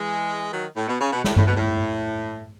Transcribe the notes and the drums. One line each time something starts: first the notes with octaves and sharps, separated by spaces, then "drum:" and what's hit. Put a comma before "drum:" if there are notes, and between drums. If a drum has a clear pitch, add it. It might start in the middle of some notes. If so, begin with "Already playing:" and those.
Already playing: E3 G#3
D#3 F#3
A2
B2
C#3
B2
A2, drum: snare
A2, drum: tom G2
B2
A2